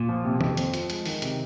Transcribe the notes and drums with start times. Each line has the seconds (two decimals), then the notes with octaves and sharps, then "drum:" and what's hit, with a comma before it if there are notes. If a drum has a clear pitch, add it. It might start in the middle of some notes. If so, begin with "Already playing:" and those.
Already playing: A#2
0.09 F3
0.25 C3
0.41 F2, drum: tom D#3
0.57 C4, drum: hi-hat
0.74 F3, drum: hi-hat
0.90 G#3, drum: hi-hat
1.06 D#3, drum: open hi-hat
1.22 C3, drum: hi-hat